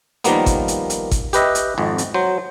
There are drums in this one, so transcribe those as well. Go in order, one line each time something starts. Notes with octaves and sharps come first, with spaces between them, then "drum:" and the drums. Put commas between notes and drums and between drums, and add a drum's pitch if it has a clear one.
D#3 F3 G3 A#3 B3, drum: hi-hat
drum: kick G#1, hi-hat
drum: hi-hat
drum: hi-hat
drum: kick G#1, hi-hat
G4 B4 D#5 E5, drum: hi-hat
drum: hi-hat
G#1 F2
drum: hi-hat
F#3 C5